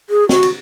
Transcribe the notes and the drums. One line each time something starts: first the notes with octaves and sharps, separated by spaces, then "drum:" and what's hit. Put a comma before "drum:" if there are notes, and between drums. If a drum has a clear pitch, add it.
G#4
F#4, drum: snare
drum: cymbal